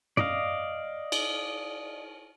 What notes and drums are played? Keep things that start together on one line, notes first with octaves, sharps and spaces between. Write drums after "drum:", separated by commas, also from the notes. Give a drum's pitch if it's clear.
D5 D#5 F5, drum: tom
drum: cymbal